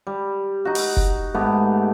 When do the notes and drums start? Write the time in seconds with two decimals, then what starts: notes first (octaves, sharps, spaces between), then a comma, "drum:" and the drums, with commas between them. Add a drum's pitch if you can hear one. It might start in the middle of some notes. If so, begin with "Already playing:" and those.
0.07 G3
0.65 D#4 F#4
0.75 drum: open hi-hat
0.97 drum: kick F1
1.35 G#2 A3 B3 G4